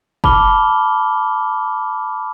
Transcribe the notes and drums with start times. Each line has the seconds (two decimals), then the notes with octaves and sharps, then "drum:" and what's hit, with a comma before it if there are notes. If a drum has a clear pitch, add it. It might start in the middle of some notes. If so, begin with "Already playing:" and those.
0.24 A5 B5 D6 F6 G7, drum: kick F#1